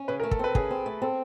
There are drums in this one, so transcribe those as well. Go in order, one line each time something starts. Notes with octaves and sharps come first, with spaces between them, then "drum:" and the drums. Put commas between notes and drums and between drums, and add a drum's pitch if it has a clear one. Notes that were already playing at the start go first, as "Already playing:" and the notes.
Already playing: C#4
C#3 B4
A#4
A3
A4, drum: kick
C4 B4
C#3 G#4, drum: kick
C4
A3
C4 A4